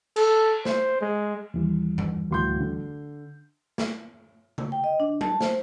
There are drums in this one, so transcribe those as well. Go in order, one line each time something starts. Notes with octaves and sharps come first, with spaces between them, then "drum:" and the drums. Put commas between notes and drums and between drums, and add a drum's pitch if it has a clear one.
A4, drum: cymbal
C5, drum: snare
G#3
D#2 E3 G3
drum: tom F#2
D1 C6 G6
D3
drum: snare
drum: tom C#3
G5
D#5
D4
A5, drum: tom F#3
C5, drum: snare